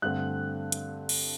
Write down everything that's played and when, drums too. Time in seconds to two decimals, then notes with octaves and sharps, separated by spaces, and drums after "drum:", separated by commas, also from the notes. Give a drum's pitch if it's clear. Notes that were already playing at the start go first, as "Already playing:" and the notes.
0.02 G2 D3 A3 C4 F#6
0.72 drum: hi-hat
1.09 drum: cymbal